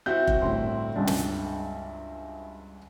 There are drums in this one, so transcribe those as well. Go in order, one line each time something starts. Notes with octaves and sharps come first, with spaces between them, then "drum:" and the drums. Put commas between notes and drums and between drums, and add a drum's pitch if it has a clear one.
C4 E4 F#4 G6
drum: kick F1
G1 A2 C6
C#2 G2 D4
drum: snare